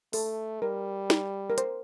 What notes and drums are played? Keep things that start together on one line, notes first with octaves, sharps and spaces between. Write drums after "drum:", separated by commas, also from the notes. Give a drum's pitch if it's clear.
A3 A4, drum: open hi-hat
G3 A#4
drum: snare
A#4
C5, drum: hi-hat